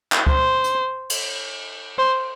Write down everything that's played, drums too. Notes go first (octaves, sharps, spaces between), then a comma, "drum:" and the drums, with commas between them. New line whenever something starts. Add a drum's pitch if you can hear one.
drum: clap
C5, drum: kick C#2
drum: hi-hat
drum: cymbal
C5